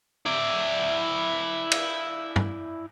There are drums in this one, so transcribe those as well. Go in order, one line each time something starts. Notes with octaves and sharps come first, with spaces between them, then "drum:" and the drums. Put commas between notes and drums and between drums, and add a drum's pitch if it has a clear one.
E4 D5
drum: cymbal
drum: tom G2